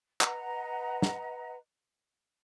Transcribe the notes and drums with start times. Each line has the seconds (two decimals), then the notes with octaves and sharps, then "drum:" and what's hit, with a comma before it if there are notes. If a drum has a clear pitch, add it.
0.21 B4 D#5 F#5 A#5, drum: clap
1.02 drum: snare